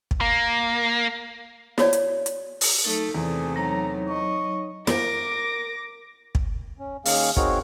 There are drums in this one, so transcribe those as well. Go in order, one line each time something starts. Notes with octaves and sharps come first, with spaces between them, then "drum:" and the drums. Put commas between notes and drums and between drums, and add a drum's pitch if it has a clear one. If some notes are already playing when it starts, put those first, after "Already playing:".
drum: kick
A#3
E4 F#4 C#5 D5, drum: snare
drum: hi-hat
drum: hi-hat
drum: open hi-hat
F#3 A3 D#4 A4
E2 C3 A3 G#4 C5 D5
F#3 D#4 C#5 A#5
D#5 C#6
A#4 D6 A#6, drum: snare
drum: kick
C#4
D#3 A#3 C#4 G#4 F5, drum: open hi-hat
C4 D#4 F#4 G#4 A#4 C#5, drum: kick